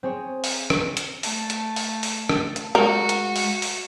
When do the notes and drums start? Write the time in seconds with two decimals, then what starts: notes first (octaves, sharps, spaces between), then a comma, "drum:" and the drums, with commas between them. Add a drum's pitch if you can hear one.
0.03 C4 G#4 C#5
0.44 drum: open hi-hat
0.70 drum: rim click
0.97 drum: hi-hat
1.23 A3 A5, drum: open hi-hat
1.50 drum: hi-hat
1.76 drum: open hi-hat
2.03 drum: open hi-hat
2.29 drum: rim click
2.56 drum: hi-hat
2.75 G#3 F#4 A#4
3.09 drum: hi-hat
3.36 drum: open hi-hat
3.62 drum: open hi-hat